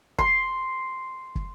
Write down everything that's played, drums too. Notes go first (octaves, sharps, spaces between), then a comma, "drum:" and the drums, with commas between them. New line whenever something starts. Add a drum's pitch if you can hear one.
C6, drum: kick
drum: kick